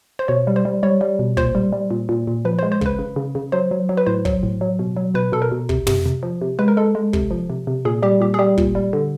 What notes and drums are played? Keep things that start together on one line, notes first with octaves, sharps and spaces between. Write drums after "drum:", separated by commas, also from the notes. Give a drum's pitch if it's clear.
C5
B2 C#5
G3
C5
G3
G3 C#5
G3
B2
A#2 C5, drum: kick
G3
G3
A#2
A#2
A#2
F3 B4
G#3 C5
C5
C#3 B4, drum: kick
C#3
C#3
C#3
F#3 C5
F#3
F#3
B4
A2 C5
F#3, drum: kick
A2
F#3
B2
F#3
B2 B4
B2 A4
A#4
B2
C3, drum: kick
C3, drum: tom
C3
F3
C3
G#3 B4
A#4
G#3 A4
G#3
C3, drum: kick
F3
C3
C3
A#2 G#4
G3 G4
A#2 G4
G#4
G3 G4
A#2, drum: kick
G3
D3